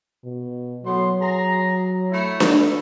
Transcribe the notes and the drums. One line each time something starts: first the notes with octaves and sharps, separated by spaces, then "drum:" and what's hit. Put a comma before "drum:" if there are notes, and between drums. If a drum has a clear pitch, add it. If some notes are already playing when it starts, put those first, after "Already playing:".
B2
A2 F#3 B3 C6
G#4 A#5
A3 E4
drum: snare D4